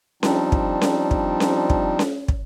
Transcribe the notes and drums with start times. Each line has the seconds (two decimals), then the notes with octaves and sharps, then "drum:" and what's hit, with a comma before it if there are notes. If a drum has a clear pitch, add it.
0.23 F3 G3 C4 D4 D#4, drum: snare C#4
0.52 drum: kick
0.82 drum: snare C#4
1.11 drum: kick
1.40 drum: snare C#4
1.70 drum: kick
1.99 drum: snare C#4
2.28 drum: kick